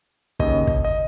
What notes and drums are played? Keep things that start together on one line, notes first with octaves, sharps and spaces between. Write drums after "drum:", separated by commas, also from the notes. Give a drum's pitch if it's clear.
D#2 C#3 D#5, drum: kick
drum: kick
D#5